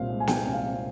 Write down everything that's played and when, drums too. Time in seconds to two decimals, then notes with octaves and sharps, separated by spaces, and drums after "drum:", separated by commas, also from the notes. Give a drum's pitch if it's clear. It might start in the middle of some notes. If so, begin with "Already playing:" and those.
Already playing: C2 A#2 C4 F5
0.10 G#3
0.20 G#5
0.27 A#2 G5, drum: snare
0.47 C2
0.53 F5
0.65 C4